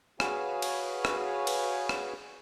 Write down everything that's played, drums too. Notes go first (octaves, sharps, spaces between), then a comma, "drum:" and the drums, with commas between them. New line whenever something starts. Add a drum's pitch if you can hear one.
F#4 G#4 B4 C#5 F5 G#5, drum: rim click
drum: cymbal
drum: rim click
drum: cymbal
drum: rim click